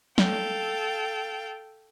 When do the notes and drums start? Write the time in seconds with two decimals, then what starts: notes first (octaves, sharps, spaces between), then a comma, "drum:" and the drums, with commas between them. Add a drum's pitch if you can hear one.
0.18 A4 F5 G5, drum: snare